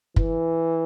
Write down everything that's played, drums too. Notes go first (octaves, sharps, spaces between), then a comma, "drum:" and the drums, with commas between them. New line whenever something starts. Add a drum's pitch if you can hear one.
E3, drum: kick F#1